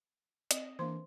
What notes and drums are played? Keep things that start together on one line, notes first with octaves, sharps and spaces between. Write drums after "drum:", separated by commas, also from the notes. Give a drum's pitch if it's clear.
C4 D#5, drum: hi-hat
E3 A#3 D4 C5 C6